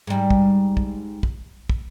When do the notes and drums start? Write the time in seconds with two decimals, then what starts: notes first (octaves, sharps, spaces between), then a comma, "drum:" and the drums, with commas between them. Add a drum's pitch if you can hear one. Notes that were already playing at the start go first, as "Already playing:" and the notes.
0.07 G#2 G3
0.30 drum: kick
0.77 drum: kick
1.23 drum: kick
1.69 drum: kick